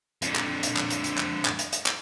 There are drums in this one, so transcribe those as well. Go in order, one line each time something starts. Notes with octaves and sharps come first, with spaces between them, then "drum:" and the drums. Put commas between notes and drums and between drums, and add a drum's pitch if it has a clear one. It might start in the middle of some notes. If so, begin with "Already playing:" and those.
F2 D3, drum: hi-hat
drum: clap
drum: hi-hat
drum: clap
drum: hi-hat
drum: hi-hat
drum: clap
drum: clap
drum: hi-hat
drum: hi-hat
drum: clap